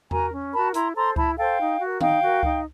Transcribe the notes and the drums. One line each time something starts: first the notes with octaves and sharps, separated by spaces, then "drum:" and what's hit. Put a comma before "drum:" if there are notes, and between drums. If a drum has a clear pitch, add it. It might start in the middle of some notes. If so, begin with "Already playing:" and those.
F#4 A#4 G#5 A#5, drum: tom E2
C#4
F#4 A#4 A5 B5
E4 A#5 C6, drum: hi-hat
A4 C5 A#5 C6
E4 A5 B5, drum: kick C#2
A4 C5 F5 G5
D#4
F#4 A#4
D#4 F5 G5, drum: tom D#3
F#4 A#4
D#4, drum: kick C#2